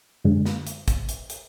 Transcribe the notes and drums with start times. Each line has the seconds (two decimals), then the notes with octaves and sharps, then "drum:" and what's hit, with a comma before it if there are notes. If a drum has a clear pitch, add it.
0.24 F#2 D3 G#3
0.46 drum: snare
0.67 drum: hi-hat
0.88 drum: kick, hi-hat
1.09 drum: hi-hat
1.30 drum: hi-hat